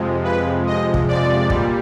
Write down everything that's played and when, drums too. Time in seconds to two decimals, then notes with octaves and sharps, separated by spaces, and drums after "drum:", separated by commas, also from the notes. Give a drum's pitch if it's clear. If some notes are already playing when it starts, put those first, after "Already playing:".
Already playing: F2 C3 F3 G#3
0.24 B4
0.67 D#5
0.94 drum: kick
1.08 D5
1.50 A#2 G3, drum: kick